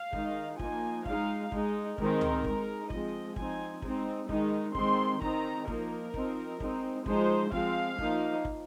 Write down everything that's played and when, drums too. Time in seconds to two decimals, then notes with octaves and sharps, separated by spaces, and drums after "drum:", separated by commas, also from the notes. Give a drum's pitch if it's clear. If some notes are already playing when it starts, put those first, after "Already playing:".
Already playing: F5
0.13 D#3 G#3 D#4, drum: kick
0.59 F3 A#3 D#4 G#5, drum: kick
1.05 G#3 D#4 F5, drum: kick
1.52 G#3 D#4, drum: kick
1.98 D#3 G#3 C4 D#4 A#4, drum: kick
2.21 drum: tom C#2
2.44 G#3 D#4, drum: kick
2.90 F3 G#3 C4 D#5, drum: kick
3.36 F3 C4 D#4 G#5, drum: kick
3.82 G#3 C4 D#4, drum: kick
4.29 D#3 G#3 D#4, drum: kick
4.75 D#3 G#3 C4 C6, drum: kick
5.21 D#3 C4 D#4 A#5, drum: kick
5.68 F3 A#3 D#4 A#4, drum: kick
6.14 F3 C4 D#4, drum: kick
6.60 G#3 C4 D#4, drum: kick
7.06 F3 G#3 D#4 C5, drum: kick
7.52 F3 G#3 C4 F5, drum: kick
7.98 F3 A#3 D#4, drum: kick
8.45 drum: kick